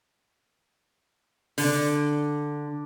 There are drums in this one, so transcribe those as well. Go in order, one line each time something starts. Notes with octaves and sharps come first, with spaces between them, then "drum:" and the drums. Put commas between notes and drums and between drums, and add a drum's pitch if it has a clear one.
D3, drum: open hi-hat